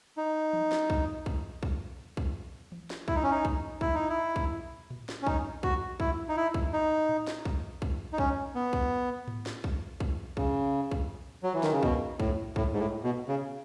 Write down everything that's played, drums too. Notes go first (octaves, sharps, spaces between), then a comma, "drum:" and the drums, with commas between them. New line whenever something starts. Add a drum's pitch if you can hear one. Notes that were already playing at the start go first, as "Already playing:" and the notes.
D#4
drum: tom E3
drum: snare
drum: kick B1
drum: kick B1
drum: kick B1
drum: kick B1
drum: tom E3
drum: snare
E4, drum: kick B1
D#4
C#4
D#4
drum: kick B1
E4, drum: kick B1
D#4
E4
drum: kick B1
drum: tom A2
drum: snare
C#4
D#4, drum: kick B1
F#4, drum: kick B1
E4, drum: kick B1
D#4
E4
drum: kick B1
D#4
drum: tom A2
drum: snare
drum: kick B1
drum: kick B1
D#4
C#4, drum: kick B1
B3
drum: kick B1
drum: tom G#2
drum: snare
drum: kick B1
drum: kick B1
C#3, drum: kick B1
drum: kick B1
F#3
E3
D#3, drum: snare
C#3
B2, drum: kick B1
A2, drum: kick B1
A2, drum: kick B1
G#2
A2
B2
C#3